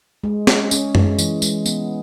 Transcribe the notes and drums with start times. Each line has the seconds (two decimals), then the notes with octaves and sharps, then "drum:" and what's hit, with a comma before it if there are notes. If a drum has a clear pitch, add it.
0.24 G#3
0.47 C#4, drum: snare
0.71 C#4, drum: tambourine
0.95 G#3, drum: tom F#2
1.19 E3, drum: tambourine
1.42 G#3, drum: tambourine
1.66 B3, drum: tambourine